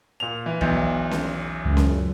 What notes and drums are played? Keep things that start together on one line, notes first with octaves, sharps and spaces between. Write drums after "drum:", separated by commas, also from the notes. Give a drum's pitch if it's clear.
A#2 F7
E3
B1 E2, drum: kick
drum: snare C#4
C#2 F#2
drum: snare C#4